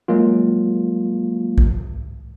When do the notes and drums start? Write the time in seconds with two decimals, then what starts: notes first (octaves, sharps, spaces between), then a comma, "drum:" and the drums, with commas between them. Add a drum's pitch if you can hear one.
0.08 F#3 G#3 A#3 F4
1.58 drum: kick A1